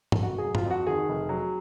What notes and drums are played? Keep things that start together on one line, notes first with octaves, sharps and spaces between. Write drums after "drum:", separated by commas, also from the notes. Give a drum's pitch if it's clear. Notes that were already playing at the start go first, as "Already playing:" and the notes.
drum: tom G2
F1 F#4
G#4
F#3
F4, drum: tom G2
F2
F#4
D#3 G#4
F1
F#3